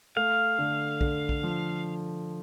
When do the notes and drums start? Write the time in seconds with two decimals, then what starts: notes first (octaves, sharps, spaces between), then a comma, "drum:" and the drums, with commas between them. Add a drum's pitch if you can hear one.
0.16 A3 F5
0.59 D3
1.01 D3, drum: kick
1.29 drum: kick
1.43 F3